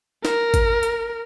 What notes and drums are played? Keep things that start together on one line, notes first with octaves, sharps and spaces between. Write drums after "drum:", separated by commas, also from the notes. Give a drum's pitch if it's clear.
A#4, drum: snare
drum: kick G#1, hi-hat
drum: hi-hat